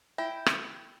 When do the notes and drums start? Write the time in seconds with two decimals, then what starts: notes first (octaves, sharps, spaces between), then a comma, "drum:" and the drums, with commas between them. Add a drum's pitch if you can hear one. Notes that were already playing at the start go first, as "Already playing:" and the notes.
0.18 E4 E5 G5
0.46 drum: rim click